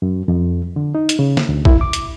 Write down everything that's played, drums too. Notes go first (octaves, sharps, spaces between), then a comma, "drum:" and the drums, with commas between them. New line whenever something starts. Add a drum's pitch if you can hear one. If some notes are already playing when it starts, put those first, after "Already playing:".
F#2
F2
D3
D#4
drum: hi-hat
C#3
drum: snare
D2
E4, drum: kick
D6
drum: hi-hat